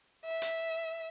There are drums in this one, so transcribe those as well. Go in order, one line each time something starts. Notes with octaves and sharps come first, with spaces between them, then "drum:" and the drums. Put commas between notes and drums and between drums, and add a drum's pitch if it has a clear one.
E5
drum: hi-hat